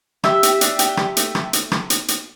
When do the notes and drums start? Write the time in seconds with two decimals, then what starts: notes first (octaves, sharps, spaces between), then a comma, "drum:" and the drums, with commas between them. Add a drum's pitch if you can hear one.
0.24 G4 E5, drum: rim click
0.43 G4, drum: hi-hat
0.61 D4, drum: hi-hat
0.79 G4, drum: hi-hat
0.97 G4, drum: rim click
1.17 A3, drum: hi-hat
1.35 A3, drum: rim click
1.53 drum: hi-hat
1.72 drum: rim click
1.90 drum: hi-hat
2.08 drum: hi-hat